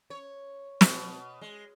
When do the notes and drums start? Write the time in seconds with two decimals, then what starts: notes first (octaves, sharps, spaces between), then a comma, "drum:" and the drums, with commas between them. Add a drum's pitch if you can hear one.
0.10 C#5
0.81 B2, drum: snare
1.41 G#3